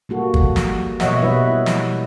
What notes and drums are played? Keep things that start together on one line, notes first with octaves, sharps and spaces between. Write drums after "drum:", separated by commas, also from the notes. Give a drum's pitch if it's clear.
G3 A#3 F#4 A4
drum: kick
drum: snare
B2 C#5 D#5 E5 F#5, drum: snare
B2 G3 E4 B4 E5
drum: snare